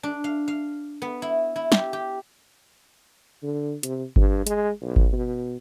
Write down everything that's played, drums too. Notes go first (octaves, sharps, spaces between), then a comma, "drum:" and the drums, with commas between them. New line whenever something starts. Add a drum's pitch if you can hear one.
D4
F5
F5
B3
E4
E4
G4, drum: snare
G4
D3
C3, drum: hi-hat
G2, drum: kick G1
G#3, drum: hi-hat
B1
drum: kick G1
B2